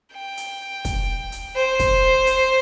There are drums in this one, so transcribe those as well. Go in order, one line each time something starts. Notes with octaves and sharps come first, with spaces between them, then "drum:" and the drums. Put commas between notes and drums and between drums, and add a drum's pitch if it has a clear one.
G5
drum: hi-hat
drum: kick, hi-hat
drum: hi-hat
C5
drum: kick, hi-hat
drum: hi-hat